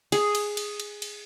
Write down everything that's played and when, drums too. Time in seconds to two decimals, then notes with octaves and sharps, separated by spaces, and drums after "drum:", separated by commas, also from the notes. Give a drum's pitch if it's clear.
0.12 G#4, drum: cymbal
0.35 drum: cymbal
0.57 drum: cymbal
0.80 drum: cymbal
1.02 drum: cymbal